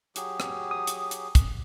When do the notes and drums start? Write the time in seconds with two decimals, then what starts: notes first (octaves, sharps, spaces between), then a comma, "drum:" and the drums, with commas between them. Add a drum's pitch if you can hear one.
0.16 F#3 G4 G#4, drum: hi-hat
0.40 drum: rim click
0.71 D#6
0.87 drum: hi-hat
1.11 drum: hi-hat
1.35 drum: kick, hi-hat